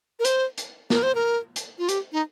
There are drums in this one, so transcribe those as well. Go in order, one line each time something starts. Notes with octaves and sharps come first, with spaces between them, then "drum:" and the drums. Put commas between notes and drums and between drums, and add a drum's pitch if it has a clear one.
A#4
C5, drum: hi-hat
drum: hi-hat
A#4, drum: snare
C5
A#4
drum: hi-hat
F4
G4, drum: hi-hat
D#4